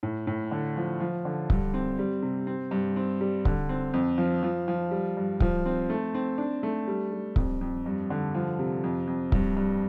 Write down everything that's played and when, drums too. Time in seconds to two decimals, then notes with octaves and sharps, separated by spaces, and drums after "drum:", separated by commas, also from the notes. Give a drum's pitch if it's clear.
0.03 A2
0.27 A2
0.51 D3
0.77 F3
1.00 F3
1.25 D3
1.50 G2, drum: kick C#1
1.74 C4
1.99 G3
2.22 C3
2.47 C4
2.71 G2
2.96 C4
3.21 G3
3.45 D3, drum: kick C#1
3.69 C4
3.93 F2
4.18 F3
4.43 F3
4.68 F3
4.91 G3
5.17 G2
5.40 F3, drum: kick C#1
5.66 C4
5.90 A3
6.14 C4
6.38 D4
6.63 A3
6.88 G3
7.12 G3
7.36 F2, drum: kick C#1
7.61 F2
7.86 G2
8.10 D3
8.35 F3
8.59 C3
8.84 F2
9.07 F2
9.32 G2, drum: kick C#1
9.57 G2